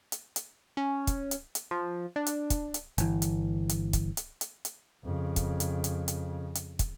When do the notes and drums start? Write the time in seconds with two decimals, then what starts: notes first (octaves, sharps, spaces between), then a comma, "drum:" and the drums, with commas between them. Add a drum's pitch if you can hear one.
0.12 drum: hi-hat
0.36 drum: hi-hat
0.77 C#4
1.07 drum: kick, hi-hat
1.31 drum: hi-hat
1.55 drum: hi-hat
1.71 F3
2.16 D4
2.26 drum: hi-hat
2.50 drum: kick, hi-hat
2.74 drum: hi-hat
2.98 G1 E3, drum: hi-hat
3.22 drum: hi-hat
3.69 drum: hi-hat
3.93 drum: kick, hi-hat
4.17 drum: hi-hat
4.41 drum: hi-hat
4.65 drum: hi-hat
5.04 F2 C#3
5.36 drum: kick, hi-hat
5.60 drum: hi-hat
5.84 drum: hi-hat
6.08 drum: hi-hat
6.55 drum: hi-hat
6.79 drum: kick, hi-hat